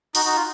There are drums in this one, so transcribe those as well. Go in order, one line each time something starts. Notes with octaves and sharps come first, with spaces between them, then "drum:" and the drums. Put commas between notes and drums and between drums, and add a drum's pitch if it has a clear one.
D#4 F#4, drum: open hi-hat
D#4 F#4
F4